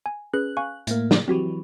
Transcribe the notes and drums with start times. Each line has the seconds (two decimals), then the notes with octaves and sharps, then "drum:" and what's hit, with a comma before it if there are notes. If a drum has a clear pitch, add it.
0.06 G#5
0.33 C#4 G#4 B4 F#6
0.57 F5 G#5 C#6
0.87 A2 A#3, drum: hi-hat
1.11 drum: snare
1.28 E3 F#3 C4 F#4 G4